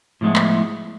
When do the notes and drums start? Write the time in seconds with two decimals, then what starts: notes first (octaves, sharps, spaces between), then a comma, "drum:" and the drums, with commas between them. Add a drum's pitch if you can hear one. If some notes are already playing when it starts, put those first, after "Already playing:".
0.21 A2 F3 G#3 B3 E4
0.36 drum: clap